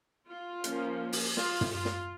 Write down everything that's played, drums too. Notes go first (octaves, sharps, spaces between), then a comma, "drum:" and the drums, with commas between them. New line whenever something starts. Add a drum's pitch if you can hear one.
F4
F3 A#3 C#4, drum: hi-hat
drum: open hi-hat
F4, drum: snare
drum: tom
F4
drum: snare